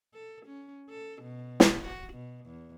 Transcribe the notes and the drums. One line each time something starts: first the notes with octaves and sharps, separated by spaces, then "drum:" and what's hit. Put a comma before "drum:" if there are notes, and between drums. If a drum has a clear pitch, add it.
A4
C#4
A4
B2
drum: snare
F#4
B2
E2